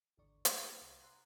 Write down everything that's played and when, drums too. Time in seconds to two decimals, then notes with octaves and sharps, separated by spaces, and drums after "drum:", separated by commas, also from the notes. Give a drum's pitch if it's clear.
0.17 G#1 E2 D3 D5 C#6
0.45 D#4 F4 G4, drum: hi-hat
0.82 C2
1.01 F5 F#5 A#5 C6 E6 F#6